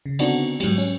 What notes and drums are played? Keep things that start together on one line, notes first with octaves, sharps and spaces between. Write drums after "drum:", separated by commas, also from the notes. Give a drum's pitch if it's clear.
C#3
D3 B3 C4 D4 D#4 F#4, drum: cymbal
G#2 F#3 G3, drum: cymbal
C#4